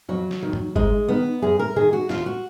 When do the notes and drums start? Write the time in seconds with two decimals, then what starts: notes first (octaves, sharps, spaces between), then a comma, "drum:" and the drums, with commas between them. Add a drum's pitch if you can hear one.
0.09 F2 F#3
0.31 drum: snare
0.43 D#3
0.53 drum: tom
0.76 G#2 G#3, drum: kick
1.08 D#3 B3
1.42 F#2 G#4
1.59 A#4
1.76 D#3 G#4
1.93 F#4
2.09 D#2 F4, drum: snare
2.26 F#4